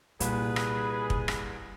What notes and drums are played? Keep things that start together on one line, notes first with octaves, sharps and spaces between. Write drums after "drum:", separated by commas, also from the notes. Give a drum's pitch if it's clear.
C2 A#2 G#4 B4, drum: hi-hat
drum: rim click
drum: kick
drum: rim click